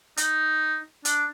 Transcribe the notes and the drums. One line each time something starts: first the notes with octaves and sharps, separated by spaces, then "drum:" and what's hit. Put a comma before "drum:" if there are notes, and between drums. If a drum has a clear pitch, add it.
D#4, drum: hi-hat
D4, drum: hi-hat